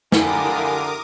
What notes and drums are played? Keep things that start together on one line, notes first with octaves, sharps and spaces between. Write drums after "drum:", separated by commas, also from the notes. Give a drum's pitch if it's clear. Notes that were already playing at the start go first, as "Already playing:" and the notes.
D3 E4 F4 G4 A#4 G#5 D6 D#6, drum: snare